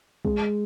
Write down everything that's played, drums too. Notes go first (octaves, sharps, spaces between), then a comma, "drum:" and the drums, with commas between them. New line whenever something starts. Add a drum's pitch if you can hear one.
G#3, drum: kick